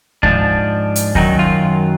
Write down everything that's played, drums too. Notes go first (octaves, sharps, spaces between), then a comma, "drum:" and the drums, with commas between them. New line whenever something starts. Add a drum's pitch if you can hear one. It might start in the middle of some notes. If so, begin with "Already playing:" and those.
G#2 F3 D4, drum: kick D2
drum: hi-hat
F#2 D#3 F#3 D#4, drum: kick D2
F4